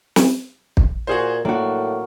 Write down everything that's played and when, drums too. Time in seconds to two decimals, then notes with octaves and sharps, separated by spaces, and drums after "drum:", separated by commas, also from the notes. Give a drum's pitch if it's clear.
0.16 drum: snare
0.77 drum: kick
1.07 A#2 F#4 G#4 C5
1.45 A2 A#3 D4 F#4